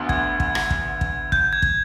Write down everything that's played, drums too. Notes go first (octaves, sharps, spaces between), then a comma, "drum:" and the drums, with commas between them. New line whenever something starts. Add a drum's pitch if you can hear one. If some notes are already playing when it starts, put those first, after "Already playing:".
Already playing: D2 D3 B3
G#6, drum: kick
drum: kick
drum: rim click
drum: kick
drum: kick
G6, drum: kick
G#6
drum: kick